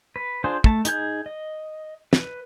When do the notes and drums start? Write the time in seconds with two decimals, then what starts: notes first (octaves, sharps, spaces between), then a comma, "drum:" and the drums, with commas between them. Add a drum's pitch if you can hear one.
0.16 B4
0.44 D4 F4 G#4 C5
0.64 A3 A5, drum: kick
0.85 D#4 G#4 G6, drum: hi-hat
1.26 D#5
2.13 B4, drum: snare